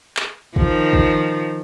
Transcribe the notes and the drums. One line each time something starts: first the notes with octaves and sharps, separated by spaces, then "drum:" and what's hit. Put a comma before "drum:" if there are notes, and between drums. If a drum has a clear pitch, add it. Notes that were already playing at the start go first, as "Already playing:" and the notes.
drum: clap
D#3 F3, drum: kick
drum: kick